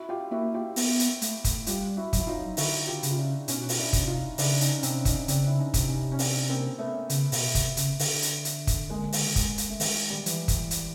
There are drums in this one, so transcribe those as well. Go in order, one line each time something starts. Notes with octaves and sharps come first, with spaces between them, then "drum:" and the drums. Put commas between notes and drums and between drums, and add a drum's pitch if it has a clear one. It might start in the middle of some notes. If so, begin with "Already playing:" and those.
Already playing: E4 F#4
F4 G4
A#3 E4 F#4
F4 G4
B3, drum: open hi-hat
drum: hi-hat
A3, drum: hi-hat
drum: kick, hi-hat
G3 F4 G4, drum: hi-hat
E4 F#4
F#3, drum: kick, hi-hat
E4
D#4 F4
D3 E4 F#4, drum: open hi-hat
F4 G4
C#3, drum: hi-hat
F4
D4 E4
B2 C#4 D#4, drum: hi-hat
F#4
F4, drum: open hi-hat
D4 E4
C3, drum: kick, hi-hat
D#4 F4
C#3 D4 E4, drum: open hi-hat
C#4 D#4, drum: hi-hat
C#4
C3 C4 D4, drum: hi-hat
C#4 D#4, drum: kick, hi-hat
D#4
C#3 C4 D4, drum: hi-hat
E4
C#4 D#4
C3, drum: kick, hi-hat
C#4 D#4
C#4
C4 D4, drum: open hi-hat
A#3 C4
A3 B3
C#3, drum: hi-hat
B2, drum: open hi-hat
C3, drum: kick, hi-hat
C#3, drum: hi-hat
D3, drum: open hi-hat
drum: hi-hat
drum: hi-hat
drum: kick, hi-hat
G#3 A#3
drum: open hi-hat
G#3, drum: kick, hi-hat
drum: hi-hat
A3
D#3 G#3, drum: open hi-hat
G3
E3, drum: hi-hat
drum: kick, hi-hat
drum: hi-hat